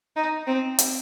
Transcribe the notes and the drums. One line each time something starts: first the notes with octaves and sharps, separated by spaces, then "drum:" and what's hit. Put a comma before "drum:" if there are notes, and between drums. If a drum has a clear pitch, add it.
D#4
C4
drum: hi-hat